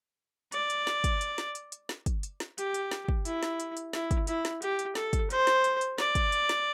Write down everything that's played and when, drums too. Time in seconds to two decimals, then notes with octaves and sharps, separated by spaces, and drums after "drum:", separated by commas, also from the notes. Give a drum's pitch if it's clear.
0.52 D5, drum: hi-hat
0.70 drum: hi-hat
0.87 drum: snare
1.04 drum: kick, hi-hat
1.21 drum: hi-hat
1.38 drum: snare
1.55 drum: hi-hat
1.72 drum: hi-hat
1.89 drum: snare
2.06 drum: kick, hi-hat
2.23 drum: hi-hat
2.40 drum: snare
2.58 G4, drum: hi-hat
2.74 drum: hi-hat
2.91 drum: snare
3.08 drum: kick
3.25 E4, drum: hi-hat
3.43 drum: snare
3.60 drum: hi-hat
3.77 drum: hi-hat
3.93 E4, drum: snare
4.11 drum: kick, hi-hat
4.27 E4, drum: hi-hat
4.45 drum: snare
4.62 G4, drum: hi-hat
4.79 drum: hi-hat
4.95 A4, drum: snare
5.13 drum: kick, hi-hat
5.30 C5, drum: hi-hat
5.47 drum: snare
5.64 drum: hi-hat
5.81 drum: hi-hat
5.98 D5, drum: snare
6.15 drum: kick, hi-hat
6.32 drum: hi-hat
6.49 drum: snare